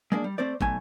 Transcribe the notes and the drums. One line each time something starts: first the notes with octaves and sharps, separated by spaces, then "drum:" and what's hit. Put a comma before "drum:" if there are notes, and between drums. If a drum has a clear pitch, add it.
G#3 A#3 D4
G3
A3 C4 C5 D5
B1 A3 G#5, drum: kick